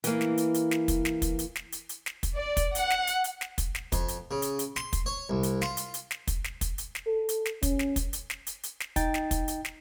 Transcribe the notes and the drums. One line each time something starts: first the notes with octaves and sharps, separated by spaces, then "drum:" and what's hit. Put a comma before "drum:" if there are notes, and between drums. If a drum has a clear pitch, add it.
E3 A#3, drum: hi-hat
drum: snare
drum: hi-hat
drum: hi-hat
drum: snare
drum: kick, hi-hat
drum: snare
drum: kick, hi-hat
drum: hi-hat
drum: snare
drum: hi-hat
drum: hi-hat
drum: snare
drum: kick, hi-hat
D5
drum: kick, hi-hat
F#5, drum: hi-hat
drum: snare
drum: hi-hat
drum: hi-hat
drum: snare
drum: kick, hi-hat
drum: snare
F2, drum: kick, hi-hat
drum: hi-hat
C#3
drum: hi-hat
drum: hi-hat
C6, drum: snare
drum: kick, hi-hat
C#5
C2
drum: hi-hat
F4, drum: snare
drum: hi-hat
drum: hi-hat
drum: snare
drum: kick, hi-hat
drum: snare
drum: kick, hi-hat
drum: hi-hat
drum: snare
A4
drum: hi-hat
drum: snare
C#4, drum: kick, hi-hat
drum: snare
drum: kick, hi-hat
drum: hi-hat
drum: snare
drum: hi-hat
drum: hi-hat
drum: snare
D#4 G5 A6, drum: kick, hi-hat
drum: snare
drum: kick, hi-hat
drum: hi-hat
drum: snare